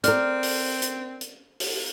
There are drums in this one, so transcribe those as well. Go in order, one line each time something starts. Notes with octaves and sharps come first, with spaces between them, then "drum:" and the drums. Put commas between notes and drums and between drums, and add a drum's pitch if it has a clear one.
C4 A#4 D5 F6, drum: hi-hat
drum: open hi-hat
drum: hi-hat
drum: hi-hat
drum: open hi-hat